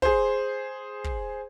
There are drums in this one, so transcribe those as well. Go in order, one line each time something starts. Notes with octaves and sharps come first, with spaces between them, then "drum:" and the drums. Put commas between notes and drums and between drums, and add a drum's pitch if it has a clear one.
G#4 C5, drum: kick
drum: kick